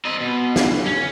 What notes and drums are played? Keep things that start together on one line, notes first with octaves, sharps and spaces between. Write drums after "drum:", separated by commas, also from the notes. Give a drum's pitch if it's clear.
C4 D#5
B2
drum: snare
C#4